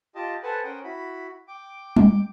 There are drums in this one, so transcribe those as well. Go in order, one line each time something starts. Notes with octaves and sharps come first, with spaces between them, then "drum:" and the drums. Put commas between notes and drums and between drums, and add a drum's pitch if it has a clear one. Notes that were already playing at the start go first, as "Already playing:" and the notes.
F4 G4 D#5 A5
A4 B4 C5 F#5 G#5 A5
C#4 A#4 C5 F#5 G5 D#6
E4 F#4 B5
G5 D6
drum: tom G3